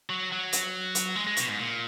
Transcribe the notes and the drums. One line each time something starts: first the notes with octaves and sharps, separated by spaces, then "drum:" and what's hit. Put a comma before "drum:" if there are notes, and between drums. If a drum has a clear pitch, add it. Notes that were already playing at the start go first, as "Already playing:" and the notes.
F#3
F#3
drum: hi-hat
drum: hi-hat
G#3
G#3
B2, drum: hi-hat
G#2
A#2